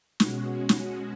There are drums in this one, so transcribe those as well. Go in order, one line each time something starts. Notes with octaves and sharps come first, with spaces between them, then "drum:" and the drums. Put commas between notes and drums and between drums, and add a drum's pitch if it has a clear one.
B2 G#3 C#4 F#4, drum: snare
drum: snare